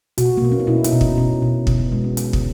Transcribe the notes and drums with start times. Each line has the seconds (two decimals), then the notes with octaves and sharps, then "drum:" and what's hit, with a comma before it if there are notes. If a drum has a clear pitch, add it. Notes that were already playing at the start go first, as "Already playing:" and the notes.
0.18 B2 F#4, drum: hi-hat
0.37 A#3
0.42 B2 B3
0.52 C#4
0.60 D#4
0.67 B2 E4
0.84 D#4, drum: hi-hat
0.93 B2
1.01 C#4, drum: kick
1.18 B2 C#4
1.42 B2
1.67 B2, drum: kick
1.80 B3
1.92 G#3 C#4
2.04 C#4
2.17 G#3, drum: hi-hat
2.33 drum: kick